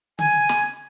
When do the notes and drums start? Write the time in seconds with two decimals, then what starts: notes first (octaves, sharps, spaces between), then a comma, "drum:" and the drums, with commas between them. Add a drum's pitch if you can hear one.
0.19 G#5, drum: tom C#3
0.49 drum: snare